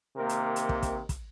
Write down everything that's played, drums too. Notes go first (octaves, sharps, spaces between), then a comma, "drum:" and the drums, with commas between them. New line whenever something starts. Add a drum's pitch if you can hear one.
C3 D#3 A#3 A#4
drum: hi-hat
drum: hi-hat
drum: kick
drum: kick, hi-hat
drum: kick, hi-hat